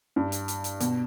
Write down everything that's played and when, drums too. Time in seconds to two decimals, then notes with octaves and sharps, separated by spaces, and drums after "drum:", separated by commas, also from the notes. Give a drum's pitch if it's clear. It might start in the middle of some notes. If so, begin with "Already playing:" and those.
0.16 G2
0.32 drum: hi-hat
0.48 drum: hi-hat
0.64 drum: hi-hat
0.80 B2, drum: hi-hat